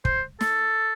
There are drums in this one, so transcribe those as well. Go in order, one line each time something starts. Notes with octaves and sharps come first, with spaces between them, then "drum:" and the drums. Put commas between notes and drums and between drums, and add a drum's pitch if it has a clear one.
C5, drum: kick
A4, drum: snare